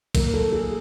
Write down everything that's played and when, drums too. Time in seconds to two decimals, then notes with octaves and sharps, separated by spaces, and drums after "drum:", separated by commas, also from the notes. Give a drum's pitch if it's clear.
0.15 D#3 F#3 A#3 A#4, drum: kick, cymbal
0.34 A4
0.53 G#4